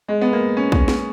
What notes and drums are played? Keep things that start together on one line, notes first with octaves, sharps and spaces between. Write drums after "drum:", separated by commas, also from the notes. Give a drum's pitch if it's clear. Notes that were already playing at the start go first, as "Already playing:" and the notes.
G#3
B3
A#3
C#4
drum: kick
drum: snare